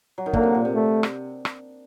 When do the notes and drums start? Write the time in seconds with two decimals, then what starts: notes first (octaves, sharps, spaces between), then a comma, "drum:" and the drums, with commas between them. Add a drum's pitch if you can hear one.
0.18 F#3
0.26 D#3
0.33 D3 A#3, drum: kick
0.43 C3
0.55 A#2
0.65 C3
0.75 A3
1.03 drum: rim click
1.45 drum: rim click